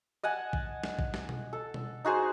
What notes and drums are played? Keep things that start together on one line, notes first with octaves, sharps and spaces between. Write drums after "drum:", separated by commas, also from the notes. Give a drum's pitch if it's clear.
D#5 F#5 G#5 A5
drum: kick
drum: snare
drum: kick
drum: snare
drum: tom B2
A4
drum: tom B2
D#4 F#4 G#4 C5